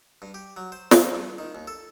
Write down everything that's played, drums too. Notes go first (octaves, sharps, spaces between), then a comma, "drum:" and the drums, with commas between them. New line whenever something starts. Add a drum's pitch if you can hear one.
G2
G4
F#3
C5
F3, drum: snare
G2
D#3
D#2
A4